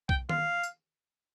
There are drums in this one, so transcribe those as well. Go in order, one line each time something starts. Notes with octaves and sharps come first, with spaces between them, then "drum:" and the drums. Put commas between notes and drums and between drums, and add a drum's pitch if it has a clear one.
G5, drum: kick B1
F5, drum: tom D#3
drum: tambourine